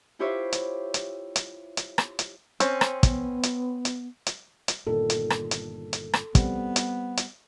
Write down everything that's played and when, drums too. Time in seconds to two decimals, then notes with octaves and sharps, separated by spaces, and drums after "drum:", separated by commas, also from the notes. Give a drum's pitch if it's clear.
0.19 E4 F4 G4 C5 C#5 E5
0.52 drum: hi-hat
0.94 drum: hi-hat
1.36 drum: hi-hat
1.77 drum: hi-hat
1.98 drum: rim click
2.19 drum: hi-hat
2.60 C4 C#4, drum: hi-hat
2.81 drum: rim click
3.03 B3, drum: kick, hi-hat
3.43 drum: hi-hat
3.85 drum: hi-hat
4.26 drum: hi-hat
4.68 drum: hi-hat
4.87 G1 A#2 D#3 A4
5.10 drum: hi-hat
5.30 drum: rim click
5.51 drum: hi-hat
5.93 drum: hi-hat
6.14 drum: rim click
6.35 G3 B3 C4, drum: kick, hi-hat
6.76 drum: hi-hat
7.17 drum: hi-hat